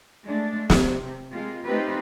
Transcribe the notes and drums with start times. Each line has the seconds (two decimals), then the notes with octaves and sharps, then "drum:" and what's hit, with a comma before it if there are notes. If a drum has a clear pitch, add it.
0.25 G#3 A3 D4
0.70 C3, drum: snare
1.32 G#3 A#3 C4 F4
1.66 A3 C4 D#4 F4 G4 B4